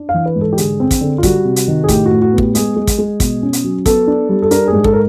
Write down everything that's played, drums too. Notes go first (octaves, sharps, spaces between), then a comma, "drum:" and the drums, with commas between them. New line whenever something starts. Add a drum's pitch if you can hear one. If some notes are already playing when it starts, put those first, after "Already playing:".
Already playing: D4
F5
E3
B4
G#2
A4
G4
D3 G#4, drum: hi-hat
C4
drum: kick, hi-hat
D3
F4
G3 F#4, drum: kick, hi-hat
C3
drum: hi-hat
D#3
G#4
A2 G4, drum: kick, hi-hat
F#4
A2
F#4
B3
G4, drum: kick
G#3 G#4, drum: hi-hat
G#3
drum: kick, hi-hat
G#3
B2, drum: kick, hi-hat
C#4
drum: hi-hat
F#3
B3 A4, drum: kick, hi-hat
D4
G3
A4
D4 A#4, drum: hi-hat
G#4
G#2
A4, drum: kick
A#4